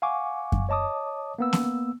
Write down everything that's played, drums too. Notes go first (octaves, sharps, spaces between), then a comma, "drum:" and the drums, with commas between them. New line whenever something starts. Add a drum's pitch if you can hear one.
F5 F#5 G#5 C#6 D6
drum: kick F#2
C#5 D#5 A5 D6 D#6
A#3 B3 E6
drum: snare B3